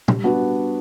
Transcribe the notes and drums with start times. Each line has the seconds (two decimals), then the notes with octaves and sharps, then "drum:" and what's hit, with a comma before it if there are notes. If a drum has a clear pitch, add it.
0.08 G3, drum: tom
0.24 B3 D4 F#4